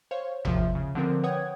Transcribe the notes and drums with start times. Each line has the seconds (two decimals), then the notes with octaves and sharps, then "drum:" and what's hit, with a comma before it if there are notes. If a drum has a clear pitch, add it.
0.11 C5 C#5 F5
0.45 A#1 D#2 C3 F3 F4 E5, drum: tom G1
0.75 C#3
0.95 D3 F3 C4 A#4
1.23 B4 C#5 F#5 G5 D#6 G#6